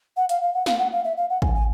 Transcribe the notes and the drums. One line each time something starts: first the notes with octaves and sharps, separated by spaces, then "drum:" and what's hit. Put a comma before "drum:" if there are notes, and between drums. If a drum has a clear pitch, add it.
F#5
F5, drum: hi-hat
F5
F#5
F5, drum: snare
F#5
F5
E5
F5
F#5
G#5, drum: kick
G#5